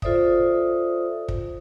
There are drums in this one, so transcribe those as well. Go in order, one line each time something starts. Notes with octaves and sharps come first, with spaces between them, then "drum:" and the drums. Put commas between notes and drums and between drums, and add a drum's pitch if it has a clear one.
F4 A4 C5 D5 E5 D#6, drum: kick
drum: kick